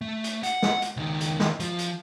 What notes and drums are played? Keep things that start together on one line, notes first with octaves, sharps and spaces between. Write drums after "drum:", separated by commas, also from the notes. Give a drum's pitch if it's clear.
A3
drum: hi-hat
F#5, drum: hi-hat
drum: snare
drum: hi-hat
C#2 D#3
drum: hi-hat
drum: snare
F3, drum: hi-hat
drum: hi-hat